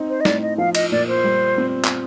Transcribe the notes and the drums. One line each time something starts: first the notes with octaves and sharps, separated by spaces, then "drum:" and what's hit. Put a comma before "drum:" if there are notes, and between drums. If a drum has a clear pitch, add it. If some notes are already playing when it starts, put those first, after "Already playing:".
Already playing: C4 D#4
C5
D#5
A2 D5, drum: snare
D#5
F3 F5
D#5, drum: cymbal
A#2 D5
C5
G3
C4
drum: clap